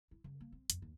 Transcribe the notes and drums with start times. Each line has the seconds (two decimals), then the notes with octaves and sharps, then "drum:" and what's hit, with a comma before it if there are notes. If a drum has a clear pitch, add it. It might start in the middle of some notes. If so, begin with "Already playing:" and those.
0.11 E4
0.24 C#3
0.41 A#3
0.52 C4
0.70 F2, drum: hi-hat
0.82 D#2